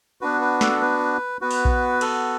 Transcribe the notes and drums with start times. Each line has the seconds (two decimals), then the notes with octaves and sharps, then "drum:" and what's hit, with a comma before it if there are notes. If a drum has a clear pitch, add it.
0.21 B3 D4 F#4 B4
0.41 B4
0.61 A4, drum: snare
0.81 B4
1.41 B3 F#4 B4
1.51 drum: open hi-hat
1.65 drum: kick A#1
2.01 A4, drum: cymbal